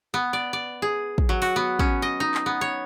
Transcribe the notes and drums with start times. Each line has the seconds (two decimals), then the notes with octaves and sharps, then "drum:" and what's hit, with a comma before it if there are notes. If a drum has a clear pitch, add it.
0.14 B3
0.33 D5
0.53 D5
0.82 G#4
1.18 drum: kick
1.29 F#3
1.42 F#4, drum: open hi-hat
1.56 B3
1.79 C#4, drum: kick
2.02 D#5
2.20 D#4
2.34 drum: clap
2.46 B3
2.61 C#5